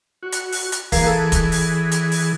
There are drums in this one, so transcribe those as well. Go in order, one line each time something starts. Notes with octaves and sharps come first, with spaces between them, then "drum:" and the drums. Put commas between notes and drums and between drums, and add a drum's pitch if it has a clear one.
F#4
drum: hi-hat
drum: open hi-hat
drum: hi-hat
E3 A#3 G#4 A#5 C6, drum: kick, open hi-hat
A4
drum: kick, hi-hat
drum: open hi-hat
drum: hi-hat
drum: open hi-hat